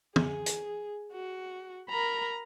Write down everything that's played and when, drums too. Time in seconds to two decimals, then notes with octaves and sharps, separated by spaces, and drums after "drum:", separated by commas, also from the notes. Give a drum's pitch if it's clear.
0.16 G#4, drum: tom
0.46 drum: hi-hat
1.13 F#4
1.90 A#4 A#5 B5